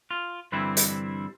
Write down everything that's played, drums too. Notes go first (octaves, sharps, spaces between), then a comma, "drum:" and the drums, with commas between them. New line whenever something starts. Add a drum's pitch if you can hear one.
F4
G2 D3 E3 G3 C4 E4
drum: hi-hat